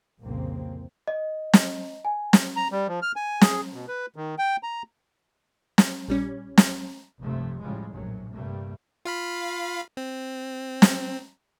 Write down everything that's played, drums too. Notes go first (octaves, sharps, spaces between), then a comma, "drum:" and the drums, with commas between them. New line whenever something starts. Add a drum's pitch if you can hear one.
C2 F2 A#2 C#3 A#3 C4
D#5
drum: snare
G#5
drum: snare
A#5
G3
F3
F6
G#5
G#4, drum: snare
B2
B4
D#3
G5
A#5
drum: snare
A#1 G3 C#4
drum: snare
F1 C#2 G2 C3 F3 A3
A2 C#3 F3 G3 G#3
A#1 F#2 A2 C3 F#3
G2 C3 G3 A3 A#3
F4 F5 B5
C4
drum: snare